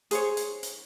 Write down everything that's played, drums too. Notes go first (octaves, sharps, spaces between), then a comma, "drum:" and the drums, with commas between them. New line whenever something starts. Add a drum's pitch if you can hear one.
G#4 C5 C#5, drum: hi-hat
drum: hi-hat
drum: hi-hat